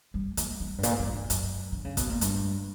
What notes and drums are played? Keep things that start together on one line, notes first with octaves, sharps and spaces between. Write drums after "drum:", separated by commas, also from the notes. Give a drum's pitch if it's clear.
G3
A#3, drum: hi-hat
G3
G2
A#2, drum: hi-hat
G2
F#2
E2
F#2, drum: hi-hat
D3
C#3
B2, drum: kick, hi-hat
A#2
G2, drum: hi-hat